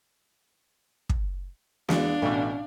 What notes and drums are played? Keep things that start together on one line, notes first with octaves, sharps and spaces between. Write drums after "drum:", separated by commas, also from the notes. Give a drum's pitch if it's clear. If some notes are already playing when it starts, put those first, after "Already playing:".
drum: kick
E2 G#3 D4 F5, drum: snare
A1 B2